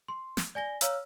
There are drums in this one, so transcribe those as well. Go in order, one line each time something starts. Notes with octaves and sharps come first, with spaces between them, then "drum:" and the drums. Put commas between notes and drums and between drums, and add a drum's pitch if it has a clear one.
C6
drum: snare
D5 G#5 A#6 G7
C#5 F5 A#5 E6 F6, drum: hi-hat